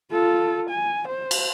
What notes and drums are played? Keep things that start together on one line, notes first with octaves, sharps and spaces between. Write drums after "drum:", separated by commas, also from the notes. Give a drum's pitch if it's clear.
F4 A4
G#5
C5
drum: cymbal